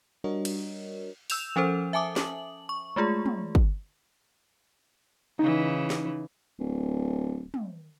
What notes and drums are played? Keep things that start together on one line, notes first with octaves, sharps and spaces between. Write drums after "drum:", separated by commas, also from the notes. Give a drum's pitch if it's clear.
G3 D4 F#4 A#4 C#5 D#5
drum: cymbal
E6 G6 E7 F7, drum: open hi-hat
F3 C#4 A4 C5
E5 G#5 A5 D6 D#6
F#7, drum: snare
C#6
G#3 A3 F4 G#4
drum: tom
drum: kick
C#3 E3 D#4
drum: snare
D1
drum: tom